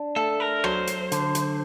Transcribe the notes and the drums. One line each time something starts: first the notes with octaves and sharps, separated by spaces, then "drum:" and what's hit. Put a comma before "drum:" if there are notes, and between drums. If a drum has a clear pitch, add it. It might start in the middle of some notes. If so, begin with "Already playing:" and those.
Already playing: D4
A3 A4
A#4
F#3 C5, drum: rim click
drum: hi-hat
D3, drum: hi-hat
drum: hi-hat